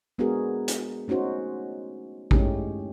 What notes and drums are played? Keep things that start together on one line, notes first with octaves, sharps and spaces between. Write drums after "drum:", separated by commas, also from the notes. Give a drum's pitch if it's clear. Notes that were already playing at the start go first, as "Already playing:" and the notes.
G#3 B3 D4 F#4 G#4 A#4
drum: hi-hat
A3 C#4 D#4 F#4 C5
G#3 A3 C#4 D#4 E4 G4, drum: kick A1